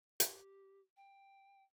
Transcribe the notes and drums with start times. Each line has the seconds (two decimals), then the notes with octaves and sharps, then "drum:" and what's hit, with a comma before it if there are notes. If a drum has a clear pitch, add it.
0.20 G4, drum: hi-hat
0.97 G5